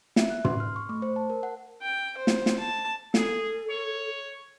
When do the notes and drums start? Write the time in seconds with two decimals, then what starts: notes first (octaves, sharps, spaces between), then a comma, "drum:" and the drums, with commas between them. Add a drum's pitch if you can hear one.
0.16 E5, drum: snare
0.30 F#6
0.45 C6, drum: tom
0.60 F6
0.76 C#6
0.89 A3
1.02 C5
1.16 A5
1.30 A#4
1.43 F#5
1.82 G5
2.17 C5
2.27 drum: snare
2.46 drum: snare
2.58 A5
3.14 G#4 A4, drum: snare
3.70 C#5